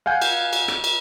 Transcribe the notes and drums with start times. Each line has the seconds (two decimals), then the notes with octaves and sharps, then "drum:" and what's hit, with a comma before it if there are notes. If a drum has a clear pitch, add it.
0.06 F5 F#5 G#5 G6
0.22 drum: cymbal
0.53 drum: cymbal
0.68 drum: rim click
0.84 drum: cymbal